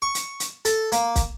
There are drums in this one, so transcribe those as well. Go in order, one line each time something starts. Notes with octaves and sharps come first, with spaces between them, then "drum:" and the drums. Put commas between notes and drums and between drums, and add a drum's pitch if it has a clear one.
C#6
drum: hi-hat
drum: hi-hat
A4, drum: hi-hat
A#3, drum: hi-hat
drum: kick, hi-hat